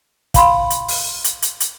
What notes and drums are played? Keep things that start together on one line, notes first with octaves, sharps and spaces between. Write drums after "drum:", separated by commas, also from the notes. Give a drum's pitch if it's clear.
F5 B5 C6, drum: kick, hi-hat
drum: hi-hat
drum: open hi-hat
drum: hi-hat
drum: hi-hat
drum: hi-hat